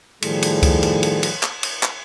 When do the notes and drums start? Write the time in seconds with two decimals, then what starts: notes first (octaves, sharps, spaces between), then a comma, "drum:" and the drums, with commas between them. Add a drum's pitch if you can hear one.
0.22 A2 D#3 F3 G3 G#4 A4, drum: cymbal
0.42 drum: cymbal
0.63 drum: kick C#2, cymbal
0.83 drum: cymbal
1.03 drum: cymbal
1.23 drum: cymbal
1.43 drum: clap
1.63 drum: cymbal
1.83 drum: clap